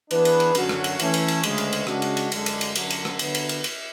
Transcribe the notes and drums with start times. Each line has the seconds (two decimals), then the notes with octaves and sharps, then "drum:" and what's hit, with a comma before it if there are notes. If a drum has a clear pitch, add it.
0.11 E3 B3 D4 G#4 B4, drum: cymbal
0.25 drum: cymbal
0.40 drum: cymbal
0.55 F#2 D3 F#3 C#4 F#4, drum: cymbal
0.69 drum: rim click
0.84 drum: cymbal
0.99 E3 A3 C#4, drum: cymbal
1.14 drum: cymbal
1.28 drum: cymbal
1.43 D2 C#3 G#3, drum: cymbal
1.58 drum: cymbal
1.73 drum: cymbal
1.87 C#3 G#3 D4 F#4, drum: rim click
2.02 drum: cymbal
2.17 drum: cymbal
2.32 F#2 D3 G#3, drum: cymbal
2.46 drum: cymbal
2.61 drum: cymbal
2.75 F#2 D3 F#3, drum: cymbal
2.90 drum: cymbal
3.05 drum: rim click
3.19 D3 F#3 B3, drum: cymbal
3.35 drum: cymbal
3.49 drum: cymbal
3.64 drum: cymbal